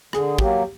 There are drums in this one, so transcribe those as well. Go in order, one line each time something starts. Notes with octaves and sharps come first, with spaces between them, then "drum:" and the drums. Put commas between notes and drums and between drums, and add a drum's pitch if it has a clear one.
D3 G#4, drum: rim click
F#3 A#3 G4, drum: kick